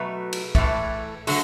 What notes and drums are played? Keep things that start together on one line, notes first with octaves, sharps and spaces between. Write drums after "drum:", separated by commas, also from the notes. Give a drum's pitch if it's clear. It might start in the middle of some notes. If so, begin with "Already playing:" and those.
Already playing: B2 F#3 A3 B4
drum: cymbal
A2 E3 A3, drum: kick
D3 F#3 A3 A4, drum: open hi-hat